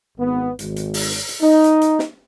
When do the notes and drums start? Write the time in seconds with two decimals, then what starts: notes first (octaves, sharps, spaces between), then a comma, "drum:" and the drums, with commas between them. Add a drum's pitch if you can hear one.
0.18 G#1 B3
0.59 G#1, drum: hi-hat
0.76 drum: hi-hat
0.94 drum: open hi-hat
1.11 drum: hi-hat
1.29 drum: hi-hat
1.41 D#4
1.64 drum: hi-hat
1.81 drum: hi-hat
1.99 drum: snare